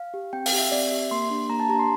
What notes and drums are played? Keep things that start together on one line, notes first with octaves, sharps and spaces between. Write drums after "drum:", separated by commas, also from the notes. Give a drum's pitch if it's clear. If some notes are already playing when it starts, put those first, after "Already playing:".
Already playing: F5
G4
C4 G5
F5, drum: open hi-hat
G4
E5
C4 D5
G4 E5
A#3 C6
D4 G4
A#3 A#5
A5
D4 G4 A#5
C6